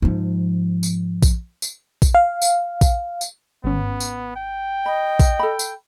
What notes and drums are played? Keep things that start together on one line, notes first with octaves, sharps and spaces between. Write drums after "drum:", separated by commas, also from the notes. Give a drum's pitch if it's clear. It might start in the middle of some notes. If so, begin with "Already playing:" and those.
G#2 F3
drum: tambourine
drum: kick A#1, tambourine
drum: tambourine
drum: kick A#1, tambourine
F5
drum: tambourine
drum: kick A#1, tambourine
drum: tambourine
G#1 B3 C#4
drum: tambourine
G5
D#5 B5
drum: kick A#1, tambourine
A4 B5
drum: tambourine